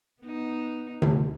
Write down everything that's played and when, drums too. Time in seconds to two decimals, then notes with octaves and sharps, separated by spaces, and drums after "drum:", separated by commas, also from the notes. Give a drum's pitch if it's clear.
0.22 B3 D#4
1.02 D2, drum: tom C3